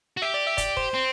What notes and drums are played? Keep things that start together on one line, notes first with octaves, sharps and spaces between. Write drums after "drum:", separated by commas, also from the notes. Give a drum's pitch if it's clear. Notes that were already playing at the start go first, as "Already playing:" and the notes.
F#4
G4 E5
D5
E5
D5, drum: kick, hi-hat
C5, drum: kick
C4